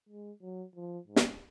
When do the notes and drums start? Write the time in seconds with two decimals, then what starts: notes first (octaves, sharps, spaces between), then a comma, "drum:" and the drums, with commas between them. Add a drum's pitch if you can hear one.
0.09 G#3
0.42 F#3
0.76 F3
1.07 G#2
1.16 drum: snare